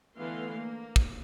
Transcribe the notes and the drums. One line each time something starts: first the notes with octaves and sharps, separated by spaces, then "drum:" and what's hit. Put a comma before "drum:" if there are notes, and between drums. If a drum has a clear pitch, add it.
D3 E3 A3 B3 F5 C6
A#3
drum: kick